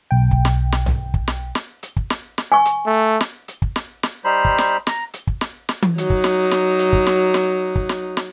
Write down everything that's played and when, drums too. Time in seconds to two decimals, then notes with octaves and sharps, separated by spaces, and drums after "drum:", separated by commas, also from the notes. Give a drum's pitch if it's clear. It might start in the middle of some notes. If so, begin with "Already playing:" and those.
0.11 B1 G5
0.31 drum: kick
0.45 drum: snare
0.72 drum: snare
0.86 drum: tom B1
1.14 drum: kick
1.28 drum: snare
1.55 drum: snare
1.83 drum: hi-hat
1.96 drum: kick
2.10 drum: snare
2.38 drum: snare
2.52 G#5 C#6
2.65 drum: hi-hat
2.86 A3
3.21 drum: snare
3.48 drum: hi-hat
3.62 drum: kick
3.76 drum: snare
4.03 drum: snare
4.24 G3 D#4 C5 B5
4.45 drum: kick
4.58 drum: snare
4.87 A#5, drum: snare
5.14 drum: hi-hat
5.27 drum: kick
5.41 drum: snare
5.69 drum: snare
5.82 drum: tom
5.98 F#3 D#4, drum: hi-hat
6.10 drum: kick
6.24 drum: snare
6.51 drum: snare
6.79 drum: hi-hat
6.93 drum: kick
7.07 drum: snare
7.34 drum: snare
7.75 drum: kick
7.89 drum: snare
8.17 drum: snare